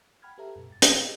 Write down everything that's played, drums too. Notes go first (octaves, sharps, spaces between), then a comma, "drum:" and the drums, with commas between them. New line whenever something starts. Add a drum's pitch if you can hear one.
F#5 G5 B5 F6 G#6
G4 A4 B4 E5 A#5
F#2 B2
G2 A6
G#2, drum: hi-hat
F4 G4 G#4 D#5 F5